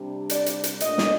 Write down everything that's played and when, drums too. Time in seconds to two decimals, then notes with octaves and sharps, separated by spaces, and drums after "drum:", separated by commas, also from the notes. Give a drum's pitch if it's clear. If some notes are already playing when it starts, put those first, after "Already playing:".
Already playing: C3 G3 D4
0.30 D5, drum: hi-hat
0.46 drum: hi-hat
0.64 drum: hi-hat
0.80 A#2 A3 D4 D#5, drum: hi-hat
0.98 drum: snare